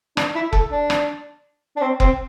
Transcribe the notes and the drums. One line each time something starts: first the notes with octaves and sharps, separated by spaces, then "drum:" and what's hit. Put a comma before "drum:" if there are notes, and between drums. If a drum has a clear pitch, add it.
D4, drum: rim click
E4
A4, drum: kick F1
D4
drum: rim click
D4
C4
C4, drum: kick F1